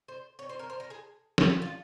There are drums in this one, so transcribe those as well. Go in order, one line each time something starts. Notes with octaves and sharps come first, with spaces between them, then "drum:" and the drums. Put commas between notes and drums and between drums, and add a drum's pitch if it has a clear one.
C5
C#5
C5
A#4
C5
A#4
G#4
drum: snare
F4